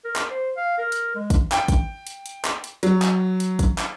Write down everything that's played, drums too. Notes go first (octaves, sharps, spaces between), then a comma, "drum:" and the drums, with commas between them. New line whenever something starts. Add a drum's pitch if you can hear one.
A#4
drum: clap
C5
F5
A#4
drum: hi-hat
G#3
drum: kick, hi-hat
G5, drum: clap
drum: kick, hi-hat
drum: hi-hat
drum: hi-hat
drum: clap
drum: hi-hat
F#3, drum: hi-hat
drum: clap
drum: hi-hat
drum: kick, hi-hat
drum: clap